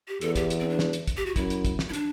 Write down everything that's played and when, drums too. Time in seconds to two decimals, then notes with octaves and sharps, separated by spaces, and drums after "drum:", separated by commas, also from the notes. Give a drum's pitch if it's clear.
0.08 G4
0.21 E2 A4, drum: hi-hat
0.36 G4, drum: kick, hi-hat
0.50 drum: hi-hat
0.60 C4
0.70 D4
0.79 drum: snare
0.93 drum: hi-hat
1.08 drum: kick, hi-hat
1.17 G4
1.26 F#4
1.36 F#2 E4, drum: kick, hi-hat
1.50 drum: hi-hat
1.65 drum: kick, hi-hat
1.79 drum: snare
1.89 E4
1.93 D4, drum: hi-hat